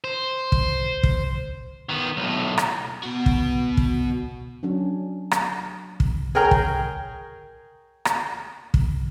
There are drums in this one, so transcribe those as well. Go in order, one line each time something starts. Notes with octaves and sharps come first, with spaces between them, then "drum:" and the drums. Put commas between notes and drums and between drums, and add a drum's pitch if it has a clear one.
C5
drum: kick
drum: kick
D#3 B3
B1 A2
drum: rim click
B2 F#4
drum: kick
drum: kick
F#3 C#4 D4
drum: rim click
drum: kick
G#4 A#4 C#5 G5 A#5 F6
drum: kick
drum: rim click
drum: kick